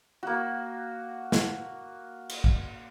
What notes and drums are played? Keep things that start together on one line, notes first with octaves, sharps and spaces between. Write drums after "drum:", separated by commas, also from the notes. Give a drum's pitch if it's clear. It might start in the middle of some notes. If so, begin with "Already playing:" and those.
A#3 F#4
drum: snare
drum: cymbal
drum: kick